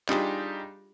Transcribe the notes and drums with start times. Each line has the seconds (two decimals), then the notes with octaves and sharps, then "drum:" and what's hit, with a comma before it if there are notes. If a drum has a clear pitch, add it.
0.09 G3 D4 D#4 F4 G4 G#4, drum: clap